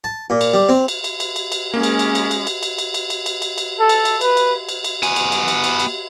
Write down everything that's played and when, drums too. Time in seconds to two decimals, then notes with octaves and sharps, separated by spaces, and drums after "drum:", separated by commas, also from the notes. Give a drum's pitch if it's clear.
0.04 A5
0.30 A#2
0.41 drum: cymbal
0.53 G3
0.69 C4
0.88 drum: cymbal
1.04 drum: cymbal
1.20 drum: cymbal
1.36 drum: cymbal
1.52 drum: cymbal
1.74 G#3 A#3 C#4
1.83 drum: cymbal
1.99 drum: cymbal
2.15 drum: cymbal
2.31 drum: cymbal
2.47 drum: cymbal
2.63 drum: cymbal
2.78 drum: cymbal
2.94 drum: cymbal
3.10 drum: cymbal
3.26 drum: cymbal
3.42 drum: cymbal
3.58 drum: cymbal
3.79 A4
3.89 drum: cymbal
4.05 drum: cymbal
4.21 B4, drum: cymbal
4.37 drum: cymbal
4.69 drum: cymbal
4.84 drum: cymbal
5.03 B3 G#5, drum: cymbal
5.16 drum: cymbal
5.32 drum: cymbal
5.48 drum: cymbal
5.64 drum: cymbal
5.79 drum: cymbal